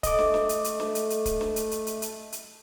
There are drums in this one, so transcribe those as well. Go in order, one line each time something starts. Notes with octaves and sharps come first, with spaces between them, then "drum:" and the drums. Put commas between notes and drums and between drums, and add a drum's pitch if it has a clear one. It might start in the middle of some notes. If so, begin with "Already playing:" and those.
A3 D#5 D6, drum: kick, hi-hat
drum: snare
drum: snare
drum: hi-hat
drum: hi-hat
drum: snare
drum: hi-hat
drum: hi-hat
drum: kick, hi-hat
drum: snare
drum: hi-hat
drum: hi-hat
drum: hi-hat
drum: hi-hat
drum: hi-hat